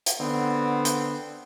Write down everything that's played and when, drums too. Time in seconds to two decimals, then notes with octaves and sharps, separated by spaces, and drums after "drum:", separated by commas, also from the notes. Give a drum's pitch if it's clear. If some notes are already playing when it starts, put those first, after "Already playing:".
0.06 drum: hi-hat
0.21 D3 B3 C4
0.85 drum: hi-hat